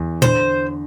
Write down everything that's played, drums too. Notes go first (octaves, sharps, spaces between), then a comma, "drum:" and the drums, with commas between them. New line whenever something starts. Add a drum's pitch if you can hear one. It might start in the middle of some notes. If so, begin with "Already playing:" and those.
Already playing: E2
D3 C5, drum: tom A#2